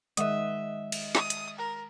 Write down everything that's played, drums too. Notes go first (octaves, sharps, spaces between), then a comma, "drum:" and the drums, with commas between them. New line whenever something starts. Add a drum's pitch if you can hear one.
D#3 G#3 D#5 E5 F#5, drum: hi-hat
drum: cymbal
D#6, drum: snare
drum: hi-hat
A#4